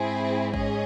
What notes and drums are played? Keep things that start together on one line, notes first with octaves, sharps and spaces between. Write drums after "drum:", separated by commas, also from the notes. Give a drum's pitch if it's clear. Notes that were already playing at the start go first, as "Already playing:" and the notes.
Already playing: G#2 C4 E4 G#4
C#4 G#4 D#5, drum: kick